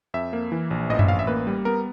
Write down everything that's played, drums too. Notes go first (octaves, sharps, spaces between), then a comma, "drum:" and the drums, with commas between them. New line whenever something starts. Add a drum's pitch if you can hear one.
F2 E5
A#3
E3
A#1
A1 D#5
E5, drum: tom F#2
A1 F5
E5
A#3 B4
G3
B3 A#4